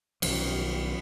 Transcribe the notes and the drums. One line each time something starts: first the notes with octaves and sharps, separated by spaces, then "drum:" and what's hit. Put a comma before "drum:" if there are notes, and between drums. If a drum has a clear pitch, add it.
B1 D#3 F3, drum: cymbal